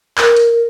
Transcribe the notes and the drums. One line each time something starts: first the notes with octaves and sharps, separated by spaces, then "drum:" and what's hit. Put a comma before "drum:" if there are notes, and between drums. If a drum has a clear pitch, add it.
A#4, drum: clap
drum: hi-hat